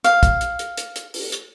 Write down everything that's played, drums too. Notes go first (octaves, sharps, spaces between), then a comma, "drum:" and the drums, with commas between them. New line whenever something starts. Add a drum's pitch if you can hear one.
F5, drum: hi-hat
drum: kick, hi-hat
drum: hi-hat
drum: hi-hat
drum: hi-hat
drum: hi-hat
drum: open hi-hat
drum: hi-hat